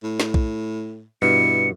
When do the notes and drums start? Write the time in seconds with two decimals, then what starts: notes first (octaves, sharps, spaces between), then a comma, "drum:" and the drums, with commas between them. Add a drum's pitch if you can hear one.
0.03 A2
0.20 drum: snare
0.34 drum: kick B1
1.22 G2 B2 E4 C#7